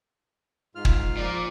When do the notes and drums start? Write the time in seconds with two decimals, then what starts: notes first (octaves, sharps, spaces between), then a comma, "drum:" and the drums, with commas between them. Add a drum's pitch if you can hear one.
0.75 G#2 F4 F6
0.85 drum: kick
1.17 A#2 F3 A#3 D5